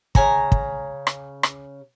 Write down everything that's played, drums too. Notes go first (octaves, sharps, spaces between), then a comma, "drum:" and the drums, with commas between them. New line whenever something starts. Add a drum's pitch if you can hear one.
C#3 G#5 A#5, drum: kick
drum: kick
drum: rim click
drum: rim click